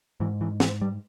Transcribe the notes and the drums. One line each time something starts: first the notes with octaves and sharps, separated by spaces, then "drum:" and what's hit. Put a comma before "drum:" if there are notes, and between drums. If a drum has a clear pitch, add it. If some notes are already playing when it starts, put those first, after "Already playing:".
G#2 E3
E3
E3, drum: snare
G3